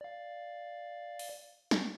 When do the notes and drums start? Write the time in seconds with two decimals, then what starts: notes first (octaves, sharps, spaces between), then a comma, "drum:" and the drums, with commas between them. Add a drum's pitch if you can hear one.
0.01 D5 F5
1.19 drum: open hi-hat
1.71 drum: snare